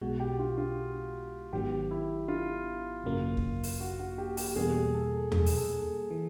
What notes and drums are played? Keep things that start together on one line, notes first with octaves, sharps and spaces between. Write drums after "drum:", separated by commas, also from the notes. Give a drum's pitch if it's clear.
B1 B2 G#3 F#4
G4
F4
F4
G#1 G#2 D#3 F#3 B3 G4
E4
F4
G#1 F#2 C#3 F#3 A#3
drum: kick
drum: open hi-hat
F#4
F#4
G4
G4, drum: open hi-hat
G4
E2 B2 G3 A#3 G#4
A4
G#4, drum: tom E2
drum: open hi-hat
A4
E3